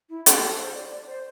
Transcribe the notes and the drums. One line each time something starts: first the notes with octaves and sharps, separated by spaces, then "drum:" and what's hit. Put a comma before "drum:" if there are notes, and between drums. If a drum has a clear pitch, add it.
E4
G4, drum: hi-hat
A4
C5
D5
D5
C5